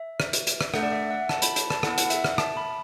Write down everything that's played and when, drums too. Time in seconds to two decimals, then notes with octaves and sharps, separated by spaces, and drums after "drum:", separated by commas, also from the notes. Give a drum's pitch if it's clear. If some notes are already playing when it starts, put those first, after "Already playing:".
Already playing: E5
0.20 drum: rim click
0.33 drum: hi-hat
0.47 drum: hi-hat
0.61 drum: rim click
0.74 A3 D4 A4 F#5, drum: rim click
0.83 D5
0.92 E5
1.10 F#5
1.29 A5, drum: rim click
1.42 B5, drum: hi-hat
1.56 drum: hi-hat
1.70 A5, drum: rim click
1.83 B3 E4 A4 F#5, drum: rim click
1.98 F#5, drum: hi-hat
2.10 E5, drum: hi-hat
2.24 drum: rim click
2.38 A5, drum: rim click
2.57 B5